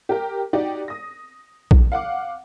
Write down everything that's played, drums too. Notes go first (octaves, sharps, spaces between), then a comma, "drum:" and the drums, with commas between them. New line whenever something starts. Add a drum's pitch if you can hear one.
G4 A#4 G5
D#4 F#4 G4 D5
D#6 A#6
drum: kick A#1
F5 F#5 D6